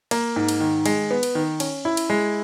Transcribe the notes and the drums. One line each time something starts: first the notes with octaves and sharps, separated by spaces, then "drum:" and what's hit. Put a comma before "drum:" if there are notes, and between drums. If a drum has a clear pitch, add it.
A#3, drum: cymbal
G#2
drum: cymbal
D#3
G#3, drum: cymbal
B3
drum: cymbal
D#3
C#4, drum: cymbal
E4
drum: cymbal
G#3